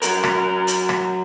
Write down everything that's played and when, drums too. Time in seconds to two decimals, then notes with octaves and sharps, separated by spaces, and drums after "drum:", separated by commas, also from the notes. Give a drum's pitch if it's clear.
0.02 F#3 A#4, drum: hi-hat
0.24 drum: rim click
0.67 drum: hi-hat
0.89 drum: rim click